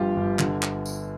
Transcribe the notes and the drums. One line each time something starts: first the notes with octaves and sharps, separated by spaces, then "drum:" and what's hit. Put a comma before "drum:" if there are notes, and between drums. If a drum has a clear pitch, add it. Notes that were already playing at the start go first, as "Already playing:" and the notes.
Already playing: G1 G2 F3 F4 G4
G1
D3, drum: clap
drum: clap
drum: tambourine